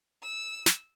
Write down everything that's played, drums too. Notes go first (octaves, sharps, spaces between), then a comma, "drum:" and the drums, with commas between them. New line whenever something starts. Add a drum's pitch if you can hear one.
E6
drum: snare